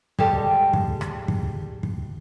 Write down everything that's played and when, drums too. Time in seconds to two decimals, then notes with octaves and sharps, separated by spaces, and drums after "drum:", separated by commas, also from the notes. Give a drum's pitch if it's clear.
0.19 G3 G#3 G4 A4, drum: kick
0.73 drum: kick
1.01 drum: rim click
1.28 drum: kick
1.83 drum: kick